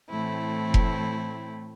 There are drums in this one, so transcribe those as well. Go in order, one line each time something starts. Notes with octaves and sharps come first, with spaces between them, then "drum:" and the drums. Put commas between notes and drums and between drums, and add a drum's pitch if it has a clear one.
A2 E3 A3 C4 E4
drum: kick F1